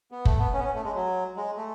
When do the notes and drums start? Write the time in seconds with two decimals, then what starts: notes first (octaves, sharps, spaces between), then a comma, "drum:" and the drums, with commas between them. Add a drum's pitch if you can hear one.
0.12 B3
0.25 A3, drum: kick F#1
0.39 B3
0.54 C#4
0.59 B3
0.64 C#4
0.75 A3
0.84 G#3
0.95 F#3
1.36 G#3
1.57 A3